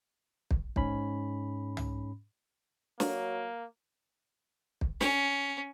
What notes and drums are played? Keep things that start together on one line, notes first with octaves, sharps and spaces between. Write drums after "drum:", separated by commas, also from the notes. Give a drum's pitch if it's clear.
drum: kick
G#2 C#4 B5, drum: kick
drum: tom
F#3 A#3, drum: snare
drum: kick
C#4, drum: snare